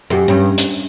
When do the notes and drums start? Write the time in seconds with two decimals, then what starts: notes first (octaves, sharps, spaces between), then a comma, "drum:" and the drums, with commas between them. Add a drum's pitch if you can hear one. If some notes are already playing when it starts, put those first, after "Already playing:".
0.10 F#2 G4
0.28 G2 C#4
0.58 drum: hi-hat